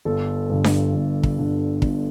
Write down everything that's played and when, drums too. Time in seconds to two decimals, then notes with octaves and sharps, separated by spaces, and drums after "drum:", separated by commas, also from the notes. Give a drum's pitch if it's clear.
0.05 G1 A4
0.49 G2 D3
0.64 drum: snare D4
0.94 G1
1.23 drum: kick
1.39 G2 D3
1.82 G1, drum: kick